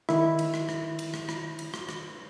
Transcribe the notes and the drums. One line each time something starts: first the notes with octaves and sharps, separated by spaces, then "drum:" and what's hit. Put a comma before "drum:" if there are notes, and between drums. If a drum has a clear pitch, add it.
D#3 E4, drum: rim click
drum: cymbal
drum: rim click
drum: rim click
drum: cymbal
drum: rim click
drum: rim click
drum: cymbal
drum: rim click
drum: rim click